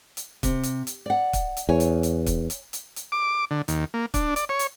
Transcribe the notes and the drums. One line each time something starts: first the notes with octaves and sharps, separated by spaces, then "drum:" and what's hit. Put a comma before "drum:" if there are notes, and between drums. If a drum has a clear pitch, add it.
drum: hi-hat
C3, drum: kick, hi-hat
drum: hi-hat
drum: hi-hat
D5 F#5
drum: kick, hi-hat
drum: hi-hat
E2 C#5 G#5
drum: hi-hat
drum: hi-hat
drum: kick, hi-hat
drum: hi-hat
drum: hi-hat
drum: hi-hat
D6
D3
D#2, drum: hi-hat
A#3
D4, drum: kick, hi-hat
D5, drum: hi-hat
C#5
drum: hi-hat